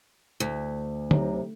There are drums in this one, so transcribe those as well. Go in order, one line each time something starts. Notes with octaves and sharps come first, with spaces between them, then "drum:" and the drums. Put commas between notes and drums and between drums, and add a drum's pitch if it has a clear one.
D2
C3 F#3 D#4, drum: tom D3